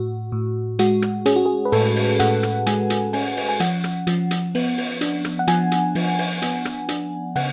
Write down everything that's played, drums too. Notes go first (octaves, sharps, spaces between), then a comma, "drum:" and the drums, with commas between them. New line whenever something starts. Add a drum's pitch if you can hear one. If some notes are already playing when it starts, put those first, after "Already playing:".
Already playing: A2 F#4
A2
G#3 F#4, drum: hi-hat
drum: rim click
C#4 G#4, drum: hi-hat
F#4
G#4
B4
A2 A4, drum: open hi-hat
drum: open hi-hat
A2 F#5, drum: hi-hat
drum: rim click
G#3 G#5, drum: hi-hat
drum: hi-hat
C#4 G#5, drum: open hi-hat
drum: open hi-hat
G#5
F3 F#5, drum: hi-hat
drum: rim click
F3, drum: hi-hat
drum: hi-hat
B3, drum: open hi-hat
drum: open hi-hat
D4, drum: hi-hat
drum: rim click
F#5
F3 G#5, drum: hi-hat
drum: hi-hat
F3, drum: open hi-hat
drum: open hi-hat
B3, drum: hi-hat
drum: rim click
D4, drum: hi-hat
C#3 F#5, drum: open hi-hat